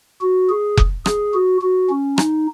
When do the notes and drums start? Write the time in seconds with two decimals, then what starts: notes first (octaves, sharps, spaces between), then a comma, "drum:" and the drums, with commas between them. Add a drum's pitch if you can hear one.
0.21 F#4
0.49 G#4
0.77 drum: kick F1
1.06 G#4, drum: rim click
1.34 F#4
1.61 F#4
1.90 C#4
2.18 D#4, drum: rim click